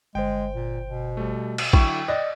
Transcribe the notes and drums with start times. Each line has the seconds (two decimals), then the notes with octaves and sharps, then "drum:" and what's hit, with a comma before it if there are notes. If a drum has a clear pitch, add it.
0.15 G1 G#3 C5 G5
0.55 A#2
0.87 B2
1.17 G3 A3
1.58 drum: cymbal
1.73 D3 F#3 E4 G5 C#6, drum: kick
2.08 D5 D#5 F#6